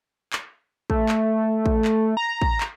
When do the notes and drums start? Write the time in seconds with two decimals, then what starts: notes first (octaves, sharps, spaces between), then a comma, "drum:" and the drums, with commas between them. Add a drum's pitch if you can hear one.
0.33 drum: clap
0.90 A3, drum: kick
1.09 drum: clap
1.66 drum: kick
1.85 drum: clap
2.17 A#5
2.42 drum: kick
2.61 drum: clap